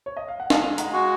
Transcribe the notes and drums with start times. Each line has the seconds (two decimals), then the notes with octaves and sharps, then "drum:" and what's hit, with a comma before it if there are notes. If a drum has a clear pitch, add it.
0.06 C#5
0.17 D#5
0.28 F5
0.40 F#5
0.50 G#3 F5 G#5, drum: snare
0.78 F#5 A#5, drum: hi-hat
0.93 F#4